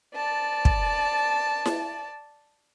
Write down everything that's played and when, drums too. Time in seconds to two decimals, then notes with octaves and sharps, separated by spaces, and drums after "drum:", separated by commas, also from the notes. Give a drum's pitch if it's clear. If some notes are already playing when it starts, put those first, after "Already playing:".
0.15 D5 A5
0.65 drum: kick
1.66 drum: snare E4